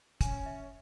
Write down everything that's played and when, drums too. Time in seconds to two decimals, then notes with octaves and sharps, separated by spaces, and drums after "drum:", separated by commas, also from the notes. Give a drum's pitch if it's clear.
0.21 C#4 G#5, drum: kick, hi-hat
0.46 E5